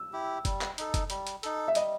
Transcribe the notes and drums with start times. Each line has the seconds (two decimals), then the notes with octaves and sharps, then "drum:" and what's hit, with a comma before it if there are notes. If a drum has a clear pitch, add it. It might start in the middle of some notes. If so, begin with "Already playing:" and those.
Already playing: E6
0.13 E4 G4
0.45 G3, drum: kick F#1, hi-hat
0.61 drum: clap
0.78 D#4 A4, drum: hi-hat
0.94 drum: kick F#1, hi-hat
1.10 G3, drum: hi-hat
1.27 drum: hi-hat
1.43 D#4 A4, drum: hi-hat
1.68 E5
1.75 G3 D#5, drum: hi-hat